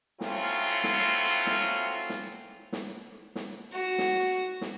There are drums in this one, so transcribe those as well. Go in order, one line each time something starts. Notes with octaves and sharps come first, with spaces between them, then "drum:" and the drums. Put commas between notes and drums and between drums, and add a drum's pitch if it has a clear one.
F#3 A3 C4 C#4 E4 F4, drum: snare
drum: snare
drum: snare
drum: snare
drum: snare
drum: snare
F#4
drum: snare
drum: snare